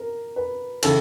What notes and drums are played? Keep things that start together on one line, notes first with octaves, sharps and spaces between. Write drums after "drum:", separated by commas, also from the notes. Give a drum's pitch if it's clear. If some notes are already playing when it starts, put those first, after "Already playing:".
Already playing: A#4
B4
C#3 E3 A4, drum: cymbal